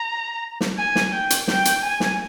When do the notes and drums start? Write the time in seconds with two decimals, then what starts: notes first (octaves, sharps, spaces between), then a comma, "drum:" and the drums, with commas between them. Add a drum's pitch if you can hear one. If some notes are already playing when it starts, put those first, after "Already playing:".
Already playing: A#5
0.61 drum: snare
0.78 G#5
0.95 drum: snare
1.13 G5
1.30 drum: hi-hat
1.48 G5, drum: snare
1.65 drum: hi-hat
1.83 G#5
2.00 drum: snare